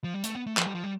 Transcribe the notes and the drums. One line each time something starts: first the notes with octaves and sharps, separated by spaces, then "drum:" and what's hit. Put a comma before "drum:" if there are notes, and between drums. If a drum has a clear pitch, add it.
F3
G3
A3, drum: hi-hat
B3
A3
F3, drum: clap
G3
F3
G3